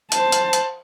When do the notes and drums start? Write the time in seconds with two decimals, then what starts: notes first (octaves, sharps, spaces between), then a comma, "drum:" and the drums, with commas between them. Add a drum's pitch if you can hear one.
0.12 C5 A5, drum: hi-hat
0.32 drum: hi-hat
0.53 drum: hi-hat